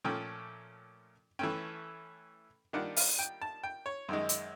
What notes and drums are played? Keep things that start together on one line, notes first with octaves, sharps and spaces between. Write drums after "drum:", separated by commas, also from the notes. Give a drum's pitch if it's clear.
A#2 F3 A3 C#4 G5
E3 A3 C#4 G5
D#3 G3 A#3 D4 F4 F#5
F5, drum: open hi-hat
G5
A5
G5
C#5
F#2 D#3 G#3
drum: hi-hat